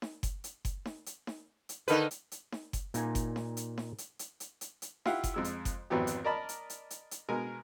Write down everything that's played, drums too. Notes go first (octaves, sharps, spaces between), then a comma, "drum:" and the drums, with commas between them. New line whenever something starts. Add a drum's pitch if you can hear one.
drum: snare D#4
drum: kick F#1, hi-hat
drum: hi-hat
drum: kick F#1, hi-hat
drum: snare D#4
drum: hi-hat
drum: snare D#4
drum: hi-hat
D3 D#3 D#4 B4, drum: hi-hat
drum: hi-hat
drum: hi-hat
drum: snare D#4
drum: kick F#1, hi-hat
A#2 D#4 G#5, drum: hi-hat
drum: kick F#1, hi-hat
drum: snare D#4
drum: hi-hat
drum: snare D#4
drum: hi-hat
drum: hi-hat
drum: hi-hat
drum: hi-hat
drum: hi-hat
E4 F4 G4 F5 F#5, drum: snare D#4
drum: kick F#1, hi-hat
F2 G#3 E6
drum: hi-hat
drum: kick F#1, hi-hat
G#1 F2 E3 F#3 B3 G4
drum: hi-hat
A#4 D5 D#5 A5 B5
drum: hi-hat
drum: hi-hat
drum: hi-hat
drum: hi-hat
B2 G#3 A#4 G#5